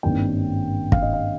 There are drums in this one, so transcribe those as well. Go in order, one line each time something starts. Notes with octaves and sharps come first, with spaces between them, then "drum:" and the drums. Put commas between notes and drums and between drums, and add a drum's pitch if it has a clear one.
G#1 G2 D#3 A#3 C#4 G5
F5, drum: kick
D#5
F5